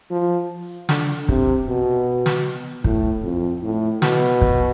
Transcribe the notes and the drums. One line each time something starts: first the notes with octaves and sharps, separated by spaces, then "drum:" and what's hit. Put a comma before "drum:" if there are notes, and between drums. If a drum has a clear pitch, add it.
F3
D3, drum: snare
C3, drum: kick
B2
drum: snare
A2, drum: kick
F2
A2
B2, drum: snare
drum: kick